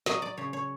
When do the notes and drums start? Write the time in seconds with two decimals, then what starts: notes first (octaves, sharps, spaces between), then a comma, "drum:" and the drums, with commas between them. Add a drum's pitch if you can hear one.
0.06 F#3 D#5, drum: snare
0.22 D5
0.37 C#3 C#5
0.53 C#5